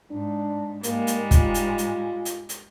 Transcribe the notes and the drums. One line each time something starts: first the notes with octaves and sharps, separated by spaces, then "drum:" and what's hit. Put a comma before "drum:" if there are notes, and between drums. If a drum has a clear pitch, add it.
G#2 D4
G#2 G3 G#3 A#3, drum: hi-hat
drum: hi-hat
F4, drum: kick, hi-hat
drum: hi-hat
drum: hi-hat
drum: hi-hat
drum: hi-hat